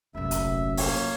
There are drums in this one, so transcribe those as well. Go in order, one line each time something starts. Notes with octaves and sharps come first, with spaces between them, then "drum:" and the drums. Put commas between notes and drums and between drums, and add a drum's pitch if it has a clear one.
F1 A#1 F#2 E5
drum: hi-hat
A#3 C#5, drum: open hi-hat